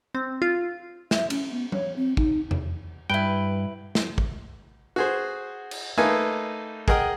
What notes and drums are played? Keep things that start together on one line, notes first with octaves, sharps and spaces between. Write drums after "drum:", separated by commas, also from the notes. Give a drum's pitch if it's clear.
C4
F4
E5, drum: snare
C#4, drum: cymbal
B3
C#5, drum: tom F#3
C4
D#4, drum: kick
drum: tom E2
G2 E4 B4 G5
drum: snare
drum: kick
F#4 G#4 C5
drum: cymbal
A3 A#3 D#4 B4 F5 G#5
G#4 A#4 D#5 F#5 G5 D#6, drum: kick